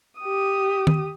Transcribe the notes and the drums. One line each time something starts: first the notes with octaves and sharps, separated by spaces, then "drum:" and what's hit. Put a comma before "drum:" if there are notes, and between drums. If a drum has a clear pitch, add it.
G4 D#6
drum: tom D#3